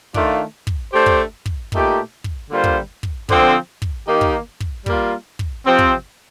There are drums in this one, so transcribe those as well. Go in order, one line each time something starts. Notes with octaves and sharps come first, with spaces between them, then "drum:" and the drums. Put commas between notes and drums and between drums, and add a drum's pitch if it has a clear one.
D#3 A3 D4 F4, drum: kick
drum: kick
A3 D4 G4 C5
drum: kick
drum: kick
A#2 A3 D#4 G4, drum: kick
drum: kick
D3 G3 A#3 F4 C5
drum: kick
drum: kick
D3 F3 C4, drum: kick
drum: kick
D#3 A#3 D#4 G4 A#4
drum: kick
drum: kick
G3 A#3 F4, drum: kick
drum: kick
C3 F3 C4
drum: kick